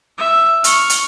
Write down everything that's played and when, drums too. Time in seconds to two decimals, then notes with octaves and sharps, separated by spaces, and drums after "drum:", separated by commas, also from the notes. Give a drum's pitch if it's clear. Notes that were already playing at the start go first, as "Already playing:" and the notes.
0.18 E5
0.64 C#6 F6, drum: hi-hat
0.90 drum: hi-hat